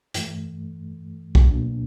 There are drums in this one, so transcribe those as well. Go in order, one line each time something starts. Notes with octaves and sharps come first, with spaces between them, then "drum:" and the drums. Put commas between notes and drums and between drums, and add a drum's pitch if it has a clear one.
G2 E3 A3, drum: hi-hat
drum: kick B1
C#2 B2 F#3 A#3 D4